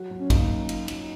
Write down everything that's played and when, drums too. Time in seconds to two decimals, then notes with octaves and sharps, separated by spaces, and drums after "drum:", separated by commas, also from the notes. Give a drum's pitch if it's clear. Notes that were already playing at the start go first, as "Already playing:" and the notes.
Already playing: F#3 F#4
0.11 F#3
0.19 C#4
0.30 A#3 D#4, drum: kick, cymbal
0.50 F#2
0.69 F4, drum: cymbal
0.88 F#3, drum: cymbal